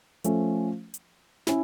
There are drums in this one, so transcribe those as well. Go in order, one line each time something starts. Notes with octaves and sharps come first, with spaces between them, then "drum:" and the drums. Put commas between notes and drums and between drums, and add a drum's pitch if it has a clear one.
F3 A3 C#4, drum: hi-hat
drum: hi-hat
C#4 E4, drum: snare